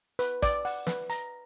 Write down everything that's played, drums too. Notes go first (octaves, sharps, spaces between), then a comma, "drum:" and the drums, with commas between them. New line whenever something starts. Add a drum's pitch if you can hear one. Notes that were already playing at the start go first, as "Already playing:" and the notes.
B4, drum: hi-hat
D5, drum: kick, hi-hat
F#5, drum: open hi-hat
B4, drum: snare
A#5, drum: hi-hat